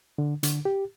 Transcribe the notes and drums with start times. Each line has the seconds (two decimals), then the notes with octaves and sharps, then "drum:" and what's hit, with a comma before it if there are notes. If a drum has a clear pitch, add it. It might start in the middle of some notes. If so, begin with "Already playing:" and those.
0.18 D3
0.43 D3, drum: hi-hat
0.65 G4